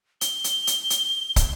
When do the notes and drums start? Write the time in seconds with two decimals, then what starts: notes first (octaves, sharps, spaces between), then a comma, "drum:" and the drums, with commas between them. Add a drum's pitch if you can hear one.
0.21 G7, drum: hi-hat
0.44 drum: hi-hat
0.67 drum: hi-hat
0.90 drum: hi-hat
1.36 drum: kick, hi-hat